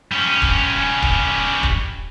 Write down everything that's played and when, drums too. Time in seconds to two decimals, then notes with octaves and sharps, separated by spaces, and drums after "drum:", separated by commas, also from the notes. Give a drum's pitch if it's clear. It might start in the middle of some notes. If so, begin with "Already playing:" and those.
0.12 G3 C#4
0.42 drum: kick
1.02 drum: kick
1.63 drum: kick